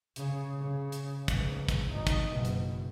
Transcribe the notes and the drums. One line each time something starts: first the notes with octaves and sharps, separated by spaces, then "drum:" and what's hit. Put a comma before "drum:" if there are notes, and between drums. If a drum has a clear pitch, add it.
C#3, drum: hi-hat
C#3
drum: hi-hat
C#2 G#2, drum: kick, hi-hat
drum: kick, hi-hat
G#1 D#4
drum: kick, hi-hat
F#1 B2
drum: hi-hat